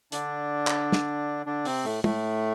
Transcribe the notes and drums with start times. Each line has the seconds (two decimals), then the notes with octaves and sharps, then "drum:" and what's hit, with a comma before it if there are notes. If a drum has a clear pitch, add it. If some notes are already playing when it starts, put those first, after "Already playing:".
0.12 D3 D4, drum: hi-hat
0.67 drum: clap
0.92 drum: snare
1.46 D3 D4
1.65 C3 C4, drum: open hi-hat
1.84 A2 A3
2.04 A2 A3, drum: tom